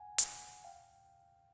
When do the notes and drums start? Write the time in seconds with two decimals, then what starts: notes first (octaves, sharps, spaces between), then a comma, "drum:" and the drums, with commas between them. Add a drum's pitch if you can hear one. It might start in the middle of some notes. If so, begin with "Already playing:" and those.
Already playing: F#5 G#5
0.18 drum: hi-hat
0.64 F5 G5